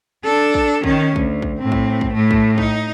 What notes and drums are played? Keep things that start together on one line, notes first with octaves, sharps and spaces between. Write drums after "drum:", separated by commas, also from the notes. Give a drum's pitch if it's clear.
D4 A4
drum: kick
D#3 C#4, drum: kick
D2, drum: kick
drum: kick
A2 C4
drum: kick
drum: kick
A2 A3
drum: kick
D#4, drum: kick